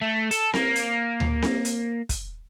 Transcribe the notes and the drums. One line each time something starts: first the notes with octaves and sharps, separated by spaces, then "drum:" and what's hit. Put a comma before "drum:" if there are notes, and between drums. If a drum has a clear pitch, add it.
A3
A4, drum: hi-hat
A#3, drum: snare C4
drum: hi-hat
drum: tom D2
drum: snare C4
drum: hi-hat
drum: kick, hi-hat